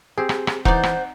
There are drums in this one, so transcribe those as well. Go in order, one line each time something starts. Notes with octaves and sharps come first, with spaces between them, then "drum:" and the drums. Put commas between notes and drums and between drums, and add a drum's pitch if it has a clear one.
C4 G4 G#4
drum: rim click
drum: rim click
E3 D#4 C5 D5 F#5, drum: kick E1
drum: rim click